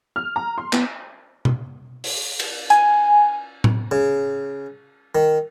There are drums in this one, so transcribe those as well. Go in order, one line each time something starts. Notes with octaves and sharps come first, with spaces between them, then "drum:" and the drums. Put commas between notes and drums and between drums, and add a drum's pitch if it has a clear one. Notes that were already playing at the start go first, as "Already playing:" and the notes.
F6
A#5
C6
B3, drum: clap
drum: tom B2
drum: open hi-hat
drum: cymbal
G#5, drum: hi-hat
drum: tom A2
C#3
D#3